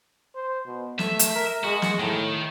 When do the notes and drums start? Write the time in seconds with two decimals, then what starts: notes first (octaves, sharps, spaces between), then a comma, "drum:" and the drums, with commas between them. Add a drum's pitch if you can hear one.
0.35 C5
0.66 B2
0.99 A3 E5, drum: snare
1.19 drum: hi-hat
1.35 A#4
1.64 G#3 F#4
1.82 drum: snare
2.00 A2 D#3